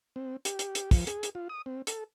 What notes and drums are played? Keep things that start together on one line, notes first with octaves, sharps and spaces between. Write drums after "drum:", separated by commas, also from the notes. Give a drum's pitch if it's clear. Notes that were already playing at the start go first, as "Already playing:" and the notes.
C4
G4, drum: hi-hat
drum: hi-hat
drum: hi-hat
F3, drum: kick, open hi-hat
G#4, drum: hi-hat
drum: hi-hat
F4
D#6
C4
A4, drum: hi-hat